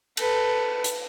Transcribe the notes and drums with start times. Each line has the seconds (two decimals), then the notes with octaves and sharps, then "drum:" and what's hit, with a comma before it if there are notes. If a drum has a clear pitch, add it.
0.17 A4 B4, drum: cymbal
0.84 drum: hi-hat